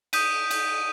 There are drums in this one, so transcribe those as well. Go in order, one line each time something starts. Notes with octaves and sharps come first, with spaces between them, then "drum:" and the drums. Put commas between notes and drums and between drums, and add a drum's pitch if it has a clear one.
D#6 G6 B6 D#7, drum: cymbal
drum: cymbal